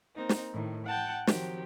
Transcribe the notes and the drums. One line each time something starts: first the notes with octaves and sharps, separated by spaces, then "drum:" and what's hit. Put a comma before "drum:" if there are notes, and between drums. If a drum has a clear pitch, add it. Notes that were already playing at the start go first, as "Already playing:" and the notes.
A#3 C4 D#4
drum: snare
A2 D#3
F#5 G5 A5 G6
D#3 F3 F#3 C4 G4, drum: snare